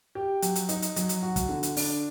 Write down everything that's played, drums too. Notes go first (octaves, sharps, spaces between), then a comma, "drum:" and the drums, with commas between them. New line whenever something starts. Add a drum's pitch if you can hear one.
G4
F#3, drum: hi-hat
drum: hi-hat
D#4, drum: hi-hat
drum: hi-hat
F#3, drum: hi-hat
drum: hi-hat
F#4
drum: kick, hi-hat
D3
drum: hi-hat
D4, drum: open hi-hat